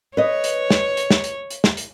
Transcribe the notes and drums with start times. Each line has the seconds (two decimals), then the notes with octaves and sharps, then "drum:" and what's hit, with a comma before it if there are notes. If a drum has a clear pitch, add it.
0.17 B4 C#5 D#5
0.44 drum: hi-hat
0.70 drum: snare
0.97 drum: hi-hat
1.10 drum: snare
1.24 drum: hi-hat
1.51 drum: hi-hat
1.64 drum: snare
1.77 drum: hi-hat